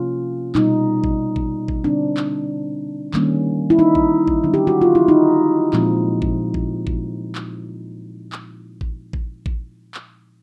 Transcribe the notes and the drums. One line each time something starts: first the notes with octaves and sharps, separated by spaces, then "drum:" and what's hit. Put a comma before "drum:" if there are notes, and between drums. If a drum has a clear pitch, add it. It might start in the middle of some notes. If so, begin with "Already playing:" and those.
Already playing: C3 F3 A#3 C#4 F4
B2 G3 B3 D#4, drum: clap
drum: kick A1
drum: kick A1
drum: kick A1
D3 G3 C4 D4
drum: clap
D#3 G3 A#3 C#4, drum: clap
E4
D#4
drum: kick A1
drum: kick A1
D3 F#3 B3 D4
G4
F#4
F4
E4
D#4
A#2 F3 G#3 C4, drum: clap
drum: kick A1
drum: kick A1
drum: kick A1
drum: clap
drum: clap
drum: kick A1
drum: kick A1
drum: kick A1
drum: clap